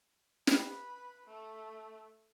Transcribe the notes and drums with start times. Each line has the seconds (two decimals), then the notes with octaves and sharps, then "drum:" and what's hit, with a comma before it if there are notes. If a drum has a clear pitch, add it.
0.47 B4 B5, drum: snare
1.26 A3